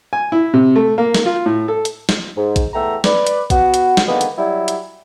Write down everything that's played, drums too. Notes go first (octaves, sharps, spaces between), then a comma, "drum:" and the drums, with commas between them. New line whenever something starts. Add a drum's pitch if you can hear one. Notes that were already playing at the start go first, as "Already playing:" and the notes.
G#5
E4
C3
A3
A#3
drum: snare
F4
A2
A4
drum: hi-hat
drum: snare
G#2
drum: kick A#1, hi-hat
E2 A3 B3 E5 G5 A#5
B4 D5, drum: snare
drum: hi-hat
B3 F#4, drum: kick A#1, hi-hat
drum: hi-hat
drum: snare
D3 D#3 G#3 A#3 B3
drum: hi-hat
F#3 G3 E4
drum: hi-hat